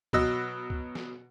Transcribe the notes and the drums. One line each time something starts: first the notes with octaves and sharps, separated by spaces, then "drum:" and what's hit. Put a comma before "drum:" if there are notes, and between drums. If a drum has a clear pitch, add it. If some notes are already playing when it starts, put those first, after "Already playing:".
B2 F#3 D#5 E6, drum: kick
drum: kick
drum: snare